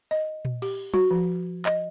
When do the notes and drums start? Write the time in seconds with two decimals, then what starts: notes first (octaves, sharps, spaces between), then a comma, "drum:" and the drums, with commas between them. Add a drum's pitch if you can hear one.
0.11 D#5
0.45 drum: tom A#2
0.62 G4, drum: cymbal
0.94 F#4, drum: tom F#3
1.11 F3
1.66 D#5, drum: clap